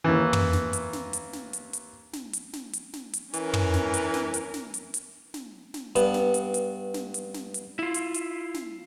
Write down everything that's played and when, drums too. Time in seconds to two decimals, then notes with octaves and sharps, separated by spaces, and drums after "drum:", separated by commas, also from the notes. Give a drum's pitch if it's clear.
0.04 D#2 E3
0.33 drum: tom
0.53 drum: snare
0.73 drum: hi-hat
0.93 drum: snare
1.13 drum: hi-hat
1.33 drum: snare
1.53 drum: hi-hat
1.73 drum: hi-hat
2.13 drum: snare
2.33 drum: hi-hat
2.53 drum: snare
2.73 drum: hi-hat
2.93 drum: snare
3.13 drum: hi-hat
3.34 E3 C#4 A#4, drum: hi-hat
3.54 drum: tom
3.74 drum: snare
3.94 drum: hi-hat
4.14 drum: snare
4.34 drum: hi-hat
4.54 drum: snare
4.74 drum: hi-hat
4.94 drum: hi-hat
5.34 drum: snare
5.74 drum: snare
5.96 G2 B3, drum: hi-hat
6.14 drum: snare
6.34 drum: hi-hat
6.54 drum: hi-hat
6.94 drum: snare
7.14 drum: hi-hat
7.34 drum: snare
7.54 drum: hi-hat
7.79 E4 F4
7.94 drum: hi-hat
8.14 drum: hi-hat
8.54 drum: snare